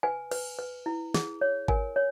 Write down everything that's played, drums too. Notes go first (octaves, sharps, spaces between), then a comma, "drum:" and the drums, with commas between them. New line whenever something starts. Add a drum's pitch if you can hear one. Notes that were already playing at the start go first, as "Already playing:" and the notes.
B4 G#5
B4, drum: cymbal
B4
E4
G#4, drum: snare
C#5
A#4 G#5, drum: kick G#1
C#5